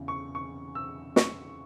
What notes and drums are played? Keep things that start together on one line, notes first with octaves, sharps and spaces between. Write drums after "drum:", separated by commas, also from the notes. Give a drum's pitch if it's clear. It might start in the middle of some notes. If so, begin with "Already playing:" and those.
Already playing: E2 C#3 E3
C#6
C#6
E6
C#6, drum: snare